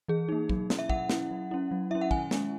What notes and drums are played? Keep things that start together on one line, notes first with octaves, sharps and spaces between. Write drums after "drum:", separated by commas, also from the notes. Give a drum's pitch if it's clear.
E3 G#4
A#3 D#4
F#3, drum: kick
C#4 E4, drum: snare
E5
F#3 F#5, drum: kick
C#4 E4, drum: snare
F#3
C#4 E4
F#3
C#4 E4 E5
F#5
D#3 G#5, drum: kick
G#3 C#4 E4, drum: snare